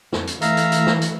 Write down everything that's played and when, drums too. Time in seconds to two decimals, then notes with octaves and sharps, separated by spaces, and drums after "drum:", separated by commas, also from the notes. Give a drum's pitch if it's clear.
0.13 F2, drum: snare
0.27 drum: hi-hat
0.42 E3 A3 E5 F5 A#5, drum: hi-hat
0.57 drum: hi-hat
0.72 drum: hi-hat
0.87 drum: snare
1.01 drum: hi-hat